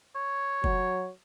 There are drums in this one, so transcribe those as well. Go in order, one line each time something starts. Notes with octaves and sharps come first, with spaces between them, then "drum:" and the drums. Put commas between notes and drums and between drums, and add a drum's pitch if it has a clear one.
C#5
F#3, drum: kick